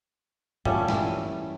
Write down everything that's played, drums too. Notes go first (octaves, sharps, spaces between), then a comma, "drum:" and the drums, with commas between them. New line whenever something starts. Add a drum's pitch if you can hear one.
A#2 G3 A3 C#4, drum: tom G2
E3, drum: snare